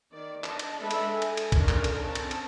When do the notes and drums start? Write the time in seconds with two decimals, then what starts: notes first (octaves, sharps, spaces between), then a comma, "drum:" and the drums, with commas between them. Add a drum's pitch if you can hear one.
0.12 D#3 D5
0.44 D4 D#5 A5, drum: clap
0.59 drum: cymbal
0.80 G#3 D4 A4 B4 E5 B5
0.91 drum: cymbal
1.13 A4 G#5
1.22 drum: cymbal
1.37 drum: cymbal
1.52 D#3 C#4 D4 F4 A4 A#4, drum: kick B1, cymbal
1.69 drum: clap
1.84 drum: cymbal
2.04 C4 C#4 A5
2.15 drum: cymbal
2.31 drum: cymbal